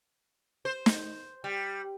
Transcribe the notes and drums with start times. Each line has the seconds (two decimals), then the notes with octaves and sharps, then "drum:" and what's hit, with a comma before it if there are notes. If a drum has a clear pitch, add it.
0.65 C5
0.86 drum: snare
1.44 G3